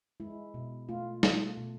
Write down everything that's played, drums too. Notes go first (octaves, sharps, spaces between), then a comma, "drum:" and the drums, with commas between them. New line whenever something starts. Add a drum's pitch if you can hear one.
G#3 E4
B2
A3 F4
A3, drum: snare
B2